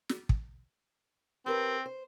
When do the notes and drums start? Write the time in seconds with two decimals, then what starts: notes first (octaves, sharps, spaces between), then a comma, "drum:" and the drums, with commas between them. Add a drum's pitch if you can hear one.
0.09 drum: snare
0.29 drum: kick
1.46 C4 G4 A#4 B4
1.86 C5